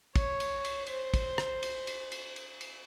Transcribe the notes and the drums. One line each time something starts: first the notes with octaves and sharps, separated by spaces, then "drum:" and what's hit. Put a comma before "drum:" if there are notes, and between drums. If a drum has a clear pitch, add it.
C#5, drum: kick, cymbal
drum: cymbal
drum: cymbal
C5, drum: cymbal
drum: kick, cymbal
drum: rim click
drum: cymbal
drum: cymbal
drum: cymbal
drum: cymbal
drum: cymbal